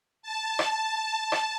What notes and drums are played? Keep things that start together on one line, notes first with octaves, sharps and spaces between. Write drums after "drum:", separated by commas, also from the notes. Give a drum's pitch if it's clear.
A5
drum: rim click
drum: rim click